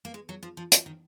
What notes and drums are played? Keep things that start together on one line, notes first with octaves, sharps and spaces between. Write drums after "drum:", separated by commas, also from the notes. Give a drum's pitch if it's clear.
A#3
G#3
F#3
F3
F3
F3, drum: hi-hat
D#3